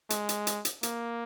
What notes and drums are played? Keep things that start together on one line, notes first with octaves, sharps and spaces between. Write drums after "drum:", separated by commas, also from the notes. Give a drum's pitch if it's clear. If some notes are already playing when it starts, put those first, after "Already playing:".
G#3, drum: hi-hat
drum: hi-hat
drum: hi-hat
drum: hi-hat
A#3, drum: hi-hat